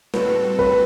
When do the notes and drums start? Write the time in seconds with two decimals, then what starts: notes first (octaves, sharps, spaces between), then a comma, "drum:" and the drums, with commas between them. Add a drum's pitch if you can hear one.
0.14 A2 G3 C4 F#4 A4 B4, drum: snare
0.59 B4, drum: kick